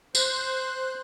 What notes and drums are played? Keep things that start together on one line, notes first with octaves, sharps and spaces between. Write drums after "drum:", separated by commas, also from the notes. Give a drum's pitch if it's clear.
C5 F#6, drum: tambourine